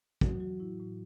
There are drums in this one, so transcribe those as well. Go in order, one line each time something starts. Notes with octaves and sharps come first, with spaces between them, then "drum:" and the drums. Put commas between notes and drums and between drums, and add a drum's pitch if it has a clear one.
E3 F#3 F#4, drum: kick
E3 F#3 F#4
A2 E4
A2